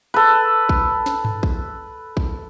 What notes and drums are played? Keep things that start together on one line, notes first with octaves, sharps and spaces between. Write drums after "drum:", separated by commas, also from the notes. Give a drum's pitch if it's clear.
A4 B4
drum: kick A#1
drum: snare
drum: tom G2
drum: kick A#1
drum: kick A#1